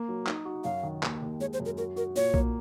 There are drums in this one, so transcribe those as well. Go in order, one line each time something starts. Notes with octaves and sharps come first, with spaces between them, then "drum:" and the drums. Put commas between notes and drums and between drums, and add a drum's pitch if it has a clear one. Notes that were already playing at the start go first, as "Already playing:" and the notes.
Already playing: A#3
F#3
D#4, drum: clap
F#4
F#2 F5
D#3
D#2, drum: clap
D#2
G#3 C#5
C5
F#2
A#4
F#4 A#4
F#4 A#4
A#2 C#5
A#3, drum: kick